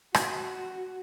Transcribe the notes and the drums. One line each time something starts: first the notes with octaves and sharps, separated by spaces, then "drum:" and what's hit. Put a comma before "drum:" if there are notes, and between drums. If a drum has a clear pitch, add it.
F#4, drum: rim click